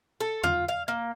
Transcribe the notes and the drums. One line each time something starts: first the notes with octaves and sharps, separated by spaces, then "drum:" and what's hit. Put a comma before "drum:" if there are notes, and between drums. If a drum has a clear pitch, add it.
A4
F4, drum: tom E2
F5
A#3